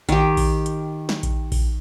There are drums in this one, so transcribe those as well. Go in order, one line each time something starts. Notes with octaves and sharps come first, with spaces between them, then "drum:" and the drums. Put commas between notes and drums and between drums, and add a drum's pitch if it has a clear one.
D#3 G4, drum: kick A#1, hi-hat
drum: kick A#1, open hi-hat
drum: hi-hat
drum: snare
drum: kick A#1, hi-hat
drum: kick A#1, open hi-hat